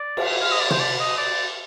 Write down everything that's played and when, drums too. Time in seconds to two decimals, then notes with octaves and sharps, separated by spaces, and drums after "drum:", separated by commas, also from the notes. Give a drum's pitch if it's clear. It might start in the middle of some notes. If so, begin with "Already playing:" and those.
Already playing: D5
0.17 drum: cymbal
0.42 F5
0.52 D#5
0.60 D5
0.71 C5, drum: tom
0.80 D5
1.00 D#5
1.18 D5